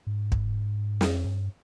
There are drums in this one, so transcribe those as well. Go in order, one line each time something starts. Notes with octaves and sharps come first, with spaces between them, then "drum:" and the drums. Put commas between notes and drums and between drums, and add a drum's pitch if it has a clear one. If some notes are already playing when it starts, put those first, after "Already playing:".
G#2
drum: kick
F2, drum: snare
G2